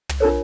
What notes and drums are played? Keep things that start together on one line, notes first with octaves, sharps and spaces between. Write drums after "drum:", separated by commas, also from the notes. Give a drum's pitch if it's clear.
drum: tom
D4 F4 A4 A#4 C#5